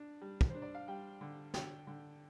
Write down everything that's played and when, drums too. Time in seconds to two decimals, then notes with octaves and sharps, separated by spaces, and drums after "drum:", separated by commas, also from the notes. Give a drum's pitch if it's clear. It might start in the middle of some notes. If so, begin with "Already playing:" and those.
Already playing: D4
0.21 G3
0.41 drum: kick
0.50 D4 C5
0.62 D5
0.75 F5
0.88 G3 G5
1.21 D3
1.54 D3 G5, drum: snare
1.87 D3